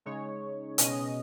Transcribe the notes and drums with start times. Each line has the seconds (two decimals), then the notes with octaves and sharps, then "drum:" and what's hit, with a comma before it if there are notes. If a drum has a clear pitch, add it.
0.06 C#3 G#3 D#4 C#5
0.78 B2 G#3 C#4 D#5, drum: hi-hat